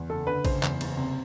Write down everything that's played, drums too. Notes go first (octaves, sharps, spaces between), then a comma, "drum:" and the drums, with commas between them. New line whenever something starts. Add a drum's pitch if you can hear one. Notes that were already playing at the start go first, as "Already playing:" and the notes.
Already playing: E2
F#1 A4
D3 B4
F#1 C5, drum: kick, cymbal
E2, drum: clap
F#1, drum: cymbal
C3